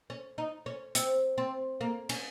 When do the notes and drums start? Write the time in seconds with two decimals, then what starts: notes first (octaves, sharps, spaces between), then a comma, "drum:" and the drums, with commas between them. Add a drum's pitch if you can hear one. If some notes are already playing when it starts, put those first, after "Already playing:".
0.10 C#4
0.38 D#4
0.66 C#4
0.95 C4, drum: hi-hat
1.38 C4
1.81 A#3
2.09 C#4, drum: cymbal